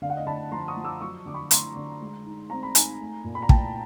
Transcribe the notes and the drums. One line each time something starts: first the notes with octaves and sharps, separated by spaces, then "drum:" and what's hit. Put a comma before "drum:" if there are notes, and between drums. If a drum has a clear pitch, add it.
D3 F5
F#5
D#5 F5
D3 A5 B5
F3 A#5 C6
C#6 D#6
F3
D6 E6
F#3 C#6 D#6
D3 D6
B5 C#6
D3 A#5 C6, drum: hi-hat
D3
G#3
D#4
C4 A#5
B5
D#4 G#5 A#5, drum: hi-hat
A3
A#2
B5
A#5
A#2 G5 A5, drum: kick